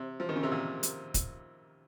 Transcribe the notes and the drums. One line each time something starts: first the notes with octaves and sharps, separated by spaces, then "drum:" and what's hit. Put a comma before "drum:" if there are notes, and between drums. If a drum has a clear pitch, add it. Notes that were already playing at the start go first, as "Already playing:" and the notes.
Already playing: C3
F3
D#3
C#3
C3
A#2
drum: hi-hat
drum: kick, hi-hat